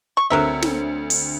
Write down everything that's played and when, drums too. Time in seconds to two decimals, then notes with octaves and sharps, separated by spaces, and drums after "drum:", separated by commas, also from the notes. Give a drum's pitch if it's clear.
0.17 C#6
0.30 D2 F#3 C4 A#4 E5
0.62 drum: snare
1.10 drum: open hi-hat